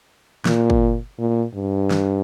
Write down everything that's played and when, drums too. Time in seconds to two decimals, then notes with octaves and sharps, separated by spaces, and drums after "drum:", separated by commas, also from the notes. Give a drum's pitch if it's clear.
0.45 A#2, drum: snare
0.70 drum: kick
1.18 A#2
1.54 G2
1.91 drum: snare